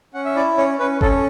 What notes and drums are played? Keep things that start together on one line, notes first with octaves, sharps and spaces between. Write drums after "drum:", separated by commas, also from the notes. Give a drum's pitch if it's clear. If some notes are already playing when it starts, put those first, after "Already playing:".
C#4 F#5
E5
E4 D5
C#4 C#5
C#4 B4
C#4 A4, drum: kick G1